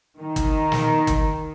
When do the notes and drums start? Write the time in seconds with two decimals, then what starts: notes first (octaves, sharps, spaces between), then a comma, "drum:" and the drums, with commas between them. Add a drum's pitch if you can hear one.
0.18 D#3
0.36 drum: kick, hi-hat
0.72 drum: snare
1.07 drum: kick, hi-hat